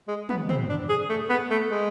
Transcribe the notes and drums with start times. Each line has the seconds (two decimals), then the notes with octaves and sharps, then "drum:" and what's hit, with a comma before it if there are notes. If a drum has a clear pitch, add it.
0.08 G#3
0.29 B3, drum: tom
0.49 C4, drum: tom
0.69 D4
0.89 G#4
1.09 A3
1.30 B3
1.50 A3
1.70 G#3